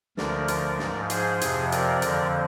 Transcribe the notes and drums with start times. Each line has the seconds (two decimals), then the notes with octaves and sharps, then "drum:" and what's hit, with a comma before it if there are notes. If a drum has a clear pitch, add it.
0.17 D2 D3 F3 A#4 D5, drum: snare
0.48 drum: hi-hat
0.79 G#2 F3, drum: snare
1.10 G#4 C5, drum: hi-hat
1.41 F2 C3 F3, drum: hi-hat
1.72 A#4 D5, drum: hi-hat
2.02 F2 D3 F3, drum: hi-hat